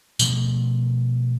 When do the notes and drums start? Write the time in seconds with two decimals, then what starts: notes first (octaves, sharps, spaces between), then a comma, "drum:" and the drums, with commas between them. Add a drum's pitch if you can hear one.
0.19 B2 F3 A3, drum: tambourine